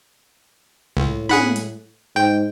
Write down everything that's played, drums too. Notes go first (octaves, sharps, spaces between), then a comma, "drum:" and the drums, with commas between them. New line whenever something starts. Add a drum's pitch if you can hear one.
C#2 A2
G#4 F#5 B5, drum: tom
drum: hi-hat
G#2 G5